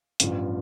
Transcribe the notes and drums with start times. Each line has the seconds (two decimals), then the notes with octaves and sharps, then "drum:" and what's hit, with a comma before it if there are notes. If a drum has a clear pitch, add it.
0.20 A1 G2 F3, drum: hi-hat